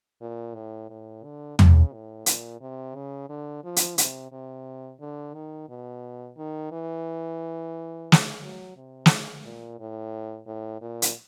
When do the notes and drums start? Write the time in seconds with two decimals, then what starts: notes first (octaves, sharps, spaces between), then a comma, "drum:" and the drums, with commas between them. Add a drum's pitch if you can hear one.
0.22 A#2
0.55 A2
0.90 A2
1.24 D3
1.59 C#3, drum: tom
1.93 A2
2.26 A#2, drum: hi-hat
2.61 C3
2.95 C#3
3.29 D3
3.64 F3
3.76 drum: hi-hat
3.98 C3, drum: hi-hat
4.32 C3
5.00 D3
5.34 D#3
5.69 B2
6.37 D#3
6.72 E3
8.12 drum: snare
8.42 F#3
8.77 C3
9.06 drum: snare
9.44 A#2
9.79 A2
10.47 A2
10.81 A#2
11.02 drum: hi-hat